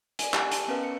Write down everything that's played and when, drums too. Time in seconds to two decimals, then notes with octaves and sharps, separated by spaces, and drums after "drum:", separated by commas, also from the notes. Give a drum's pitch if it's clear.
0.19 D5 G#5, drum: hi-hat
0.34 G4 G#5, drum: clap
0.51 A5 E6, drum: hi-hat
0.68 B3 C#4 A#4 B4 D#5 F5
0.83 C#7